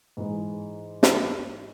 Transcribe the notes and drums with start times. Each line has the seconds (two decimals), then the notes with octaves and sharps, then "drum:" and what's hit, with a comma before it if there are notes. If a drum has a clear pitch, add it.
0.17 G#2 E3 G#3
1.03 drum: snare